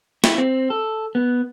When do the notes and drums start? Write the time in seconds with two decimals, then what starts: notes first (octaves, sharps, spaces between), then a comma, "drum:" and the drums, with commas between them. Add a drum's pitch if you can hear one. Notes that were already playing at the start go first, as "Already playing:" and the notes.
0.24 E4, drum: snare
0.38 C4
0.70 A4
1.15 B3